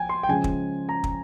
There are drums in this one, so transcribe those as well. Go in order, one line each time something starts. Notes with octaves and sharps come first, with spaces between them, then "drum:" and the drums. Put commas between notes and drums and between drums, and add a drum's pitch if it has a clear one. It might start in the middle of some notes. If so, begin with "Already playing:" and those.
Already playing: F3 G5 G#5
C6
G5
C#3 F3 G#3 G#5
drum: kick
A#5
drum: kick